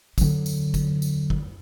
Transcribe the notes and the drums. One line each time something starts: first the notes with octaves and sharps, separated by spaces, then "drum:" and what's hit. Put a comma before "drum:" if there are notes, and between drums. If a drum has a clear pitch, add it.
D3 F#3, drum: kick, tambourine
drum: tambourine
drum: kick, tambourine
drum: tambourine
drum: kick